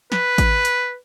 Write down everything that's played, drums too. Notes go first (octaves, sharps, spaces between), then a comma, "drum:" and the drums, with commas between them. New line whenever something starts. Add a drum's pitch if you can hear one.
B4, drum: snare
drum: kick A1, hi-hat
drum: hi-hat